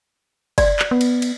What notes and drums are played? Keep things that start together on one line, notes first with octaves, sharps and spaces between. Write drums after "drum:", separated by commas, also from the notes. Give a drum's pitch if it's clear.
D5, drum: kick, cymbal
drum: clap
B3
drum: cymbal
drum: cymbal